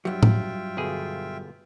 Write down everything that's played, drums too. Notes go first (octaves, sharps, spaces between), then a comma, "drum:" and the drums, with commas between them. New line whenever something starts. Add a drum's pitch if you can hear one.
G2 F#3 F4 E5 G5
drum: tom A2
G1 B2 G#4